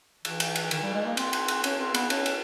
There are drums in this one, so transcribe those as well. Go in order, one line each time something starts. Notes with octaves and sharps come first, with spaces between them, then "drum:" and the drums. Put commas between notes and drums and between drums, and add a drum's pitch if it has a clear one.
E3, drum: cymbal
drum: cymbal
drum: cymbal
D#3, drum: cymbal
G3
G#3
A#3
C4, drum: cymbal
drum: cymbal
drum: cymbal
C#4, drum: cymbal
C4
B3, drum: cymbal
C#4, drum: cymbal
drum: cymbal